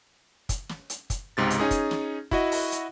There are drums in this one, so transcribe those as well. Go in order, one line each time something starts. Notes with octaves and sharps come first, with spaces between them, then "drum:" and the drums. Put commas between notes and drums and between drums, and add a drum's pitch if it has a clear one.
drum: kick, hi-hat
drum: snare
drum: hi-hat
drum: kick, hi-hat
C#2 G#2 C3 A6
drum: hi-hat
C#4 D#4 G#4
drum: kick, hi-hat
drum: snare
E4 F#4 D#5, drum: kick
drum: open hi-hat
drum: hi-hat